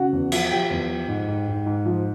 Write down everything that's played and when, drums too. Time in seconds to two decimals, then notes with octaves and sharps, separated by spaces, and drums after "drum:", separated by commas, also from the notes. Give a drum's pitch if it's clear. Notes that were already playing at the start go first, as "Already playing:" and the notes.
Already playing: C#3 F#4 F#5
0.13 E2
0.32 F3, drum: cymbal
0.51 F3 G4 G5
0.70 E2
0.90 F3
1.08 G#2
1.27 G#2
1.48 G#2
1.66 G#2
1.85 F3